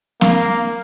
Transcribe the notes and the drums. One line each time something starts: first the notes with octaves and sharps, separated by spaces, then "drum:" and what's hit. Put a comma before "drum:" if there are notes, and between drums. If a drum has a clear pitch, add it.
A#3 F5, drum: snare